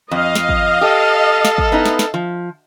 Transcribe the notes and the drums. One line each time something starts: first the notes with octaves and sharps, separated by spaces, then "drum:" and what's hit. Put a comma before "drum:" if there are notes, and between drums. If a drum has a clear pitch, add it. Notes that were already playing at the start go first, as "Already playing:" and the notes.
F2 D#5 F5
drum: snare
drum: kick
G4 A4
drum: snare
drum: kick
B3 D#4 E4
drum: snare
drum: snare
F3